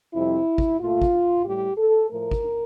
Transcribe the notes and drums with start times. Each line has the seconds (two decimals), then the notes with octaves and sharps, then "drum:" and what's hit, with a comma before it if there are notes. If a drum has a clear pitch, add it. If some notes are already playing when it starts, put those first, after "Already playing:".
0.14 F2 C3 G3 E4
0.58 drum: kick
0.80 A#2 A3 F4
1.02 drum: kick
1.44 A2 G3 G4
1.78 A4
2.09 A2 F3 A3 A#4
2.31 drum: kick